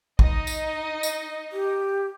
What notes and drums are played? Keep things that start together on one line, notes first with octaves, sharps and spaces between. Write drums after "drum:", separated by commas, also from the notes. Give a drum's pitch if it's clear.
D#4 D#5, drum: kick
drum: tambourine
drum: tambourine
G4